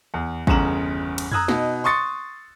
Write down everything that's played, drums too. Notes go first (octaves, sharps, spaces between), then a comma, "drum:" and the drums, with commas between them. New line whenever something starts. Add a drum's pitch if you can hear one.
E2
G1 E2 C#3 A#5 E7 F#7, drum: kick
drum: cymbal
A#5 D#6 E6 F#6 G#6, drum: tom F2
B2 D#4, drum: snare
C6 C#6 D#6 A6 C#7